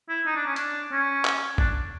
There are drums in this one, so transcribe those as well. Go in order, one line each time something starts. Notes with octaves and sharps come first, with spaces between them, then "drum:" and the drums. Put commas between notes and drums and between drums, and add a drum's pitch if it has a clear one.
E4
D#4
D4
C#4
D4, drum: hi-hat
C#4
drum: clap
D4, drum: kick G#1